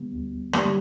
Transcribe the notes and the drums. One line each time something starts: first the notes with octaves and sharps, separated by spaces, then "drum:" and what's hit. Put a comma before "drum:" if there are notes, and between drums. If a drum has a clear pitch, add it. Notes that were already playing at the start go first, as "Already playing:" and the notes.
Already playing: D3 G3 B3
D2
D3 G3, drum: rim click